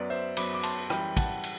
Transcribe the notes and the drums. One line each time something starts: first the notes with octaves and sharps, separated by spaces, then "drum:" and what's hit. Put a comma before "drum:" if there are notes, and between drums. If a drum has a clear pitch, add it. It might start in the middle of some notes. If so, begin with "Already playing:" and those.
Already playing: F#2 F#3 B3 B4 D5
C5 E5
F#2 F#3 B3 B5 D6, drum: cymbal
D6
A5 C6, drum: cymbal
F#2 E3 G3 G5 B5, drum: rim click
F#5 A5, drum: kick, cymbal
drum: cymbal